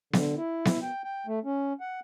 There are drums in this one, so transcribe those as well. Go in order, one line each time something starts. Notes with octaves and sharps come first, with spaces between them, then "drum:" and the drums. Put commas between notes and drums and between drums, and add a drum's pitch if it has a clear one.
D3, drum: snare B3
E4
drum: snare B3
G5
G5
A3
C#4
F#5